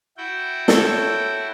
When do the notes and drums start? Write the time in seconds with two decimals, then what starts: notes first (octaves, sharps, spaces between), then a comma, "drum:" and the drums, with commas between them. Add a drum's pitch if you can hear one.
0.17 E4 F#4 G5
0.68 A4 C#5, drum: snare